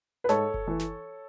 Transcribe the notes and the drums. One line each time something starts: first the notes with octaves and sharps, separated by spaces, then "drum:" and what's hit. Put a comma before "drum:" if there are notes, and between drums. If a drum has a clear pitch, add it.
B4
G#2 A4 C#5, drum: snare
drum: kick F#1
E3
drum: snare